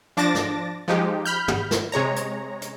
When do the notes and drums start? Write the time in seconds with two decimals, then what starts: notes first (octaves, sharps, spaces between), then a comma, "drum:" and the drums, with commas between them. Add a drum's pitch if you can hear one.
0.17 F3 D4 A5 D6 A6 A#6
0.35 drum: snare
0.88 F3 G#3 D#4 G4
1.25 B5 F6 G6
1.48 drum: tom
1.71 drum: snare
1.92 C3 G#3 C#5 A#5
2.16 drum: hi-hat
2.62 drum: hi-hat